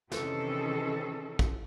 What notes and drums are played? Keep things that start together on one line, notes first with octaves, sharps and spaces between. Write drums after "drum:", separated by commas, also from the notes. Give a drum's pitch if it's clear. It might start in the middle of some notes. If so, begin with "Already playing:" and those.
C3 D#3 E3 C#4 G#4 A4, drum: snare
drum: kick